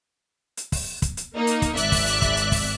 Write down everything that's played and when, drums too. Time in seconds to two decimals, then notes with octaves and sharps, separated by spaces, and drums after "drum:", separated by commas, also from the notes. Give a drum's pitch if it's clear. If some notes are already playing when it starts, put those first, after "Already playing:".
0.57 drum: hi-hat
0.72 drum: kick, open hi-hat
1.02 drum: kick, hi-hat
1.17 drum: hi-hat
1.36 A#3 D#4
1.47 drum: hi-hat
1.62 drum: kick, hi-hat
1.77 G#1 D5 E5 F#6, drum: hi-hat
1.92 drum: kick, open hi-hat
2.07 drum: hi-hat
2.22 drum: kick, hi-hat
2.37 drum: hi-hat
2.52 drum: kick, open hi-hat